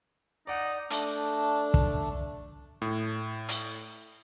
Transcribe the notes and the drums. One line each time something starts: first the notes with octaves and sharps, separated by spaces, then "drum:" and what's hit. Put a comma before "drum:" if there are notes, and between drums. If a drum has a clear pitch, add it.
D#4 D5 F#5
A3 D4, drum: hi-hat
drum: kick
A2
drum: hi-hat